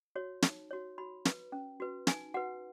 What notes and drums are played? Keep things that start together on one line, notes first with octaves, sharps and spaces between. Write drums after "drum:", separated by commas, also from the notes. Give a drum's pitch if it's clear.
F#4 C#5
D#4, drum: snare
F#4 C#5
F#4 B5
B4, drum: snare
C#4
F#4 B4
D#4 G#5, drum: snare
F#4 B4 F#5